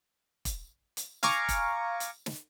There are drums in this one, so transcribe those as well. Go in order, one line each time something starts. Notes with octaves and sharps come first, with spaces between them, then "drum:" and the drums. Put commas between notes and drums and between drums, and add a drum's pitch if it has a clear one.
drum: kick E1, hi-hat
drum: hi-hat
F5 G#5 A#5 C#6 D6, drum: snare
drum: kick E1, hi-hat
drum: hi-hat
drum: snare